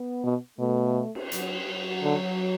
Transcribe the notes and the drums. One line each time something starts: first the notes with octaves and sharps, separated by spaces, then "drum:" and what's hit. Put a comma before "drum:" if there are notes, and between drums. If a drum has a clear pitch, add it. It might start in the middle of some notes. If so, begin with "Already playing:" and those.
Already playing: B3
B2
B2 A3
drum: cymbal
F#3, drum: hi-hat
F#3
D3